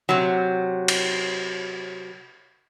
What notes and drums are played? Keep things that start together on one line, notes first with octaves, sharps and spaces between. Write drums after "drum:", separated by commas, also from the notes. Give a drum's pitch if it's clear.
C3 F#3
drum: cymbal